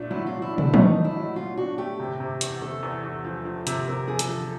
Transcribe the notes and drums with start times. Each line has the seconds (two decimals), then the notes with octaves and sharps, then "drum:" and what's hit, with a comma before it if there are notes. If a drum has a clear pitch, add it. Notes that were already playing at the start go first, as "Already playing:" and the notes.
Already playing: A#2 A3 D4
0.11 F#3 E4
0.27 F4
0.32 F#3
0.42 E4
0.52 D4
0.58 E4, drum: tom
0.74 A3 D#4, drum: tom
0.94 A3
1.05 E4
1.15 F#3
1.36 F#3 F4
1.57 D4 F#4
1.78 A3 G4
2.00 C3
2.20 C3
2.41 E2, drum: hi-hat
2.62 C3 A4
2.83 E2
3.04 E2
3.25 F3
3.45 F3
3.67 C3, drum: hi-hat
3.87 C3 A#4
4.08 F3 G#4
4.19 A4, drum: hi-hat
4.29 F3